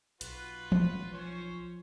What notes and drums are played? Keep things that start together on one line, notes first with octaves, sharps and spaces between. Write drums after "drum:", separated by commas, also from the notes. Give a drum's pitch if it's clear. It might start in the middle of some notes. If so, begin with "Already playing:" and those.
B1 F4 F#4 B4, drum: hi-hat
drum: tom
F3 C#4 C5 C#5